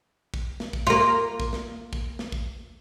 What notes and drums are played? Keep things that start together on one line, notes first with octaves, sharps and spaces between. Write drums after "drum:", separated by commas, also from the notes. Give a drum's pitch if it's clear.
drum: kick
drum: snare
drum: kick
A#3 F4
drum: kick
drum: snare
drum: kick
drum: snare
drum: kick